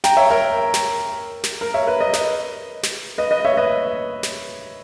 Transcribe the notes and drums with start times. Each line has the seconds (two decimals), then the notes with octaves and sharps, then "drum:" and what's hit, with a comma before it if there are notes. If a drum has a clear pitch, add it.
0.04 G5 A#5, drum: snare
0.17 C#5 E5
0.30 A#4 C#5
0.74 drum: snare
1.44 drum: snare
1.61 A#4
1.74 C#5 E5
1.87 B4
2.00 B4 D#5
2.13 B4 D#5, drum: snare
2.83 drum: snare
3.18 B4 D#5
3.31 B4 D#5
3.45 C#5 E5
3.57 B4 D#5
4.23 drum: snare